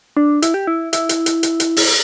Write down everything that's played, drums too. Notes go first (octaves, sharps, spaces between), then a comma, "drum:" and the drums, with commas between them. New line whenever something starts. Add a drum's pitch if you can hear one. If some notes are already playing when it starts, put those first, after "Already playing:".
D4
E4, drum: hi-hat
G4
E4
E4, drum: hi-hat
drum: hi-hat
drum: hi-hat
drum: hi-hat
drum: hi-hat
drum: open hi-hat